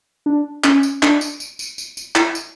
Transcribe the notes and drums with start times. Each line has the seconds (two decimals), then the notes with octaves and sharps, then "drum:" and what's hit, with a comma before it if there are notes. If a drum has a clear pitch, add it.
0.26 D4
0.64 C#4, drum: clap
0.83 drum: tambourine
1.03 D4, drum: clap
1.21 drum: tambourine
1.40 drum: tambourine
1.59 drum: tambourine
1.78 drum: tambourine
1.97 drum: tambourine
2.16 E4, drum: clap
2.35 drum: tambourine